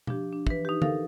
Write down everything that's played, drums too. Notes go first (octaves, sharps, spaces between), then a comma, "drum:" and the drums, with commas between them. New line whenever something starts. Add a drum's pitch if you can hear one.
F3 D4 G4, drum: tom B2
D4
E3 B4, drum: kick
D#4 G4
D#4 A4 A#4 F5, drum: tom